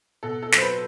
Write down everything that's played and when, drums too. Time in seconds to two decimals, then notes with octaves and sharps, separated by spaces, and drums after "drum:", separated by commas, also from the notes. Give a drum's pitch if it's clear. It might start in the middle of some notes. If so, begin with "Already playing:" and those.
0.23 B2 A4
0.43 A4
0.52 F#3 C5, drum: snare
0.61 B4